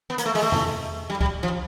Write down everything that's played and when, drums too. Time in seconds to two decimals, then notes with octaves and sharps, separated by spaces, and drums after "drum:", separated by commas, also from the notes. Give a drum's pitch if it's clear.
0.10 B3
0.18 A#3, drum: hi-hat
0.26 A3
0.35 G#3, drum: open hi-hat
0.43 A3
0.52 drum: tom
1.10 G3
1.21 G3, drum: kick C#2
1.43 F3